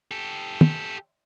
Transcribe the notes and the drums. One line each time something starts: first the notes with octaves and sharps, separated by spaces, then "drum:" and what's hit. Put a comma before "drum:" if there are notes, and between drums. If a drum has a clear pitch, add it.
G4 A4
drum: tom